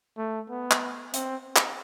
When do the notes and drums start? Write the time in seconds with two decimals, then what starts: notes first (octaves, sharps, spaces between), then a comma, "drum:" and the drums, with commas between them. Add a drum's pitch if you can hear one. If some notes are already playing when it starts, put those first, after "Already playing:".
0.17 A3
0.49 B3
0.71 drum: clap
1.14 C4, drum: hi-hat
1.56 drum: clap